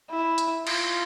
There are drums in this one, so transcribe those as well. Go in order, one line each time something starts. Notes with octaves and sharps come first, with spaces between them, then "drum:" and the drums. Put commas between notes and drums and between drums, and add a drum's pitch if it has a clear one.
E4
drum: hi-hat
F4, drum: cymbal